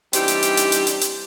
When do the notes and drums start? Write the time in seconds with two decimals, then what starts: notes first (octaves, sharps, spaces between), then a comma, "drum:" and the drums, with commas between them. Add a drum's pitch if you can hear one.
0.13 E3 G3 C4 D4 D#4 G4, drum: hi-hat
0.28 drum: hi-hat
0.43 drum: hi-hat
0.57 drum: hi-hat
0.72 drum: hi-hat
0.87 drum: hi-hat
1.01 drum: hi-hat